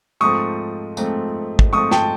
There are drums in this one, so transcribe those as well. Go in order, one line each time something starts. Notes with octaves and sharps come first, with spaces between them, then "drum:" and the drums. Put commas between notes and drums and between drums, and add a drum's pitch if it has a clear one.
G#2 F3 A3 C4 C#6 D#6
G#2 F3 A3 C4, drum: tambourine
drum: kick
G#2 F3 A3 C4 C#6 D#6
G5 A5, drum: snare